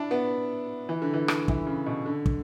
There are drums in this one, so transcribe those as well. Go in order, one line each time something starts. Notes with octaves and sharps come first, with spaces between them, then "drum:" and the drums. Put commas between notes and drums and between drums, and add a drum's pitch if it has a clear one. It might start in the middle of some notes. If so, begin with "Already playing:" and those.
Already playing: D4 E4
B3
E3
D3
E3
drum: rim click
E3, drum: kick
C#3
B2
D3
drum: kick